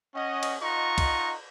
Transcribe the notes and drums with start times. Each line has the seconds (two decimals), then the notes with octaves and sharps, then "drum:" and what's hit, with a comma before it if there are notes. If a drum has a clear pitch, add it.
0.15 C#4 D#5 F#5
0.43 drum: cymbal
0.62 D#4 F4 D#5 F#5 A#5 C#6
0.98 drum: kick, cymbal